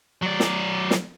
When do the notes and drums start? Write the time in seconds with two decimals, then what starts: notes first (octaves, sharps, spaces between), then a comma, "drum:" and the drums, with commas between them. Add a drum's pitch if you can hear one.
0.23 F#3 D5
0.40 drum: snare
0.91 drum: snare